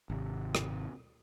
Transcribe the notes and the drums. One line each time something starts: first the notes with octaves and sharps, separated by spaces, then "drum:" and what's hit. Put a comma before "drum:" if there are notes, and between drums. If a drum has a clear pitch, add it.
G#1 C3
drum: rim click